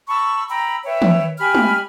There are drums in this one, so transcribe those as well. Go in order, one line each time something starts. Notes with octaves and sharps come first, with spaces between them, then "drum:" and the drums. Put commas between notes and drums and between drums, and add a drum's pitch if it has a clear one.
A5 B5 C#6 E6
G5 A#5 B5 E6
B4 C#5 E5 G5
drum: tom
G4 G#5 B5 F6
drum: tom